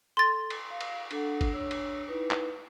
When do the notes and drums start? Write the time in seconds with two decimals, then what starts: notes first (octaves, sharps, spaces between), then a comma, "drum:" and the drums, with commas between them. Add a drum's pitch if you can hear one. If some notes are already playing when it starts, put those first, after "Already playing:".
0.17 A4 C6 A6
0.50 drum: cymbal
0.70 F5
0.81 drum: cymbal
1.11 D4 A4 F#5, drum: cymbal
1.41 drum: kick G#1, cymbal
1.52 D4 C#5 E6
1.71 drum: cymbal
2.08 D#4 E4 B4
2.31 drum: clap